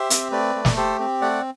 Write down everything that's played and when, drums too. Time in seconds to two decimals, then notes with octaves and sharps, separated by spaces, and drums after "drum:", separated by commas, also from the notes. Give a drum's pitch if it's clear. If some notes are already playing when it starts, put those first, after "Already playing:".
Already playing: G4 C5 E5
0.10 C4, drum: hi-hat
0.32 A3 B4 D5
0.55 A3
0.65 drum: snare
0.76 G4 A4 C5
1.00 C4
1.21 A3 D5 F#5